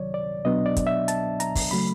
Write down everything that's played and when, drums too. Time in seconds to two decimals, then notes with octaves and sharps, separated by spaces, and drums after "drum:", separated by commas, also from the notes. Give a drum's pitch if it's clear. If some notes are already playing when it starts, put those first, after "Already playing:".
Already playing: C#2 C3 D#3 F#3 C#5 D5
0.14 D5
0.45 C2 B2 F#3 B3 D4 D#5
0.66 D5
0.77 drum: kick, hi-hat
0.87 E5
1.08 A5, drum: hi-hat
1.40 A#5, drum: hi-hat
1.55 drum: kick, open hi-hat
1.71 C#3 F#3 A3 B5